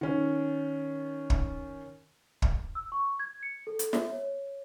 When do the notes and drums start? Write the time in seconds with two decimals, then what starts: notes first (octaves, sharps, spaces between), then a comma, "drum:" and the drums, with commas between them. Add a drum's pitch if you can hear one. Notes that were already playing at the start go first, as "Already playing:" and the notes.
0.01 D#3 C#4
1.30 drum: kick
2.42 drum: kick
2.75 E6
2.92 C#6
3.20 G#6
3.43 C#7
3.67 A4
3.79 drum: hi-hat
3.93 E5, drum: snare
4.12 C#5